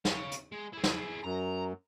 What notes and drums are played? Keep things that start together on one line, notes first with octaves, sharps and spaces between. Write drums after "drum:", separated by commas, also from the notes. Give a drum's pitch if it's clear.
C#5 F5, drum: snare
drum: hi-hat
G#3
E4 G#4
drum: snare
F#2 A#5